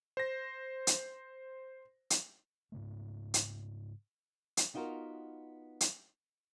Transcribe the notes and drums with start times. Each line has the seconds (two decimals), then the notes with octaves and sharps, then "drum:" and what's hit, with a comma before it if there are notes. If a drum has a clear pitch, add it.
0.17 C5 A#6
0.87 drum: hi-hat
2.10 drum: hi-hat
2.72 G#2 C#3 A3
3.34 drum: hi-hat
4.57 drum: hi-hat
4.74 B3 D#4 F4 F#4 A#4
5.81 drum: hi-hat